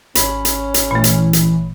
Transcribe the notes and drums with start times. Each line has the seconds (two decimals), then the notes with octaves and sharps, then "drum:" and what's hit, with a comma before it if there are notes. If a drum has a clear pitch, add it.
0.15 G#1 C#4 C#5 B5, drum: hi-hat
0.45 drum: hi-hat
0.74 drum: hi-hat
0.91 A#2 E3 A3
1.04 drum: hi-hat
1.33 drum: hi-hat